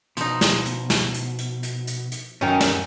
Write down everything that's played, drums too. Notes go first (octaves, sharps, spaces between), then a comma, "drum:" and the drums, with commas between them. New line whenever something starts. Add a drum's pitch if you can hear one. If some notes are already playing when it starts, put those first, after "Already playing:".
B2 F3 D#4, drum: hi-hat
drum: snare
drum: hi-hat
drum: snare
drum: hi-hat
drum: hi-hat
drum: hi-hat
drum: hi-hat
drum: hi-hat
F#2 D#3 A3 C#4 F#4 A#5
drum: snare